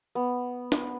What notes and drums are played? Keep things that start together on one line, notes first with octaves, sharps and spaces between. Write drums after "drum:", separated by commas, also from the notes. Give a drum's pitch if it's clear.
B3
drum: snare